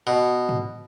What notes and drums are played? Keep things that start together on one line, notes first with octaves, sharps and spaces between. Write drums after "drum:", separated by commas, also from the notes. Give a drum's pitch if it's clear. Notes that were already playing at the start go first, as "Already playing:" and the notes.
B2
drum: tom G#2